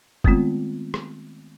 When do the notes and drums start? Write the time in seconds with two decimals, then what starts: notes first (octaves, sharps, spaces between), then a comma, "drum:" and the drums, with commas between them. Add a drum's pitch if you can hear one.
0.24 D#3 G#3 A3 B3 C4 F4, drum: kick
0.94 drum: rim click